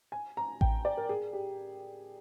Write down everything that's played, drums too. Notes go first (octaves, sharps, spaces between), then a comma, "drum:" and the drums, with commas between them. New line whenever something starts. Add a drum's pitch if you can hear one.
G#5
A#5
G5, drum: kick A1
D5
A#4
G#4
G4